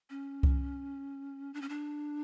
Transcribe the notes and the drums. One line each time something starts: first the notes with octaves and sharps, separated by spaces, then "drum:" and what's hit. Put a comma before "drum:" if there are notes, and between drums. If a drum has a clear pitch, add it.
C#4
drum: kick C2
D4
C#4
D4